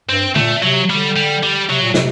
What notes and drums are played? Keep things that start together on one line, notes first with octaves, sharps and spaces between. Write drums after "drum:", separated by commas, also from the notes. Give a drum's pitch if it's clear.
G2 C4
A#2 A3, drum: tom
C3 F#3
D3 G3
G3
G3
C3 F#3
A#2
C3, drum: snare